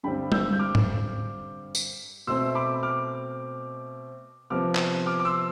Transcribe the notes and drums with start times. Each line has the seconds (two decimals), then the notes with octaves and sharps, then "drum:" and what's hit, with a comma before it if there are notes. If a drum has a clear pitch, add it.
0.03 G2 D3 G3 C4 G5 B5
0.32 E6 G6, drum: tom G3
0.53 G6
0.59 D6 F6
0.75 drum: tom G#2
1.75 drum: tambourine
2.27 B2 A3 C4 C6 E6
2.55 B5 D6
2.83 D6 F6
4.50 C3 F3 B3 D6 F6
4.75 drum: clap
5.06 D6 F6
5.19 D6
5.25 C6 E6